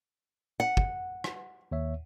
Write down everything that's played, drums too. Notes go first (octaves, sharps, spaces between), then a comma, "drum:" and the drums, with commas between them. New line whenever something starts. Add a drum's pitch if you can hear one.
F#5
drum: kick
drum: rim click
D#2 C#5 E5